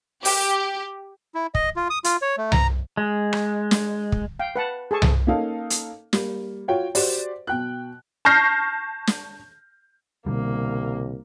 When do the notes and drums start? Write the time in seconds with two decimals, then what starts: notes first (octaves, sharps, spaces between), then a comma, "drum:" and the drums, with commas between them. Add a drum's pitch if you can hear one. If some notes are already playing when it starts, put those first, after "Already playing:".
0.25 G4, drum: open hi-hat
1.35 E4
1.55 D#5, drum: kick
1.76 F4
1.90 D#6
2.04 F4, drum: hi-hat
2.22 C#5
2.38 A3
2.52 A#5, drum: tom C2
2.97 G#3
3.33 drum: rim click
3.71 drum: snare
4.12 drum: kick
4.39 F5 G5
4.56 B4 F#5 A5
4.91 G#4 A4 A5 C#6
5.02 drum: tom C2
5.27 A#3 C#4 D#4 A4 F5
5.70 drum: hi-hat
6.13 G3 A#3, drum: snare
6.68 F4 F#4 C#5 G5
6.95 F#4 G4 C5 D5, drum: open hi-hat
7.47 B2 G5 F#6
8.25 A5 C#6 F6 G6 A#6 C7
9.07 drum: snare
10.26 C2 B2 D3 G3 A#3